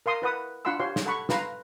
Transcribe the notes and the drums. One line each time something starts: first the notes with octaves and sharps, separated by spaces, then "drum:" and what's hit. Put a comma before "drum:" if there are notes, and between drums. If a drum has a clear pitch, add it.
A#4 F5 C6 D#6
E4 B4 F#5 D#6
D4 F4 F#5 B5 C6 E6
F4 G4 C5 C#5 C6
drum: snare
A4 F#5 B5 C#6
F4 B4 F5 A#5, drum: snare